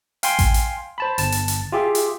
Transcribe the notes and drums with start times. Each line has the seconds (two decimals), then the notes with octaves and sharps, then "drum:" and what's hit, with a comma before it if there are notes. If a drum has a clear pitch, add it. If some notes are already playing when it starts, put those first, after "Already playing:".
0.23 F5 G5 G#5 C6, drum: hi-hat
0.39 drum: kick A1, hi-hat
0.54 drum: hi-hat
0.98 C5 A5 B5
1.18 G1 A5, drum: hi-hat
1.32 drum: hi-hat
1.48 drum: hi-hat
1.72 F4 G4 G#4 E5
1.95 drum: hi-hat